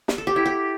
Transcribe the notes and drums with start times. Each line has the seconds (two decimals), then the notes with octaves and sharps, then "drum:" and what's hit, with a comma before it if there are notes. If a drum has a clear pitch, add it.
0.08 drum: snare
0.18 A4
0.27 G4
0.36 E4
0.46 G4